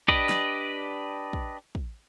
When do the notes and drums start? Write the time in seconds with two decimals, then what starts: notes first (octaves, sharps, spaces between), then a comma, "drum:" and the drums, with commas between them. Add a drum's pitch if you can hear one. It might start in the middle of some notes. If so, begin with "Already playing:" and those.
0.08 D4 G4 B4 D5 D#5, drum: kick
0.29 drum: snare
1.33 drum: kick
1.75 drum: kick